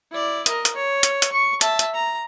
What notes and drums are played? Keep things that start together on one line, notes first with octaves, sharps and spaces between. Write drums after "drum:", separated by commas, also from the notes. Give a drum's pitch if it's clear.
E4 D5
A#4 D#5, drum: hi-hat
drum: hi-hat
C#5
drum: hi-hat
drum: hi-hat
C#6
E5 A5, drum: hi-hat
drum: hi-hat
A#5